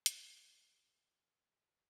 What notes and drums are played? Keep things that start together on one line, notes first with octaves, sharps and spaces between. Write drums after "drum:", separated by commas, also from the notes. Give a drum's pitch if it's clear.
G#3 D#4 B5, drum: hi-hat